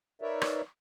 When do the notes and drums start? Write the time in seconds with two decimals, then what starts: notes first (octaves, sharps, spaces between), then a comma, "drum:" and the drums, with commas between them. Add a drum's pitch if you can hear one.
0.22 D#4 A#4 B4 C#5 D5 E5
0.41 drum: rim click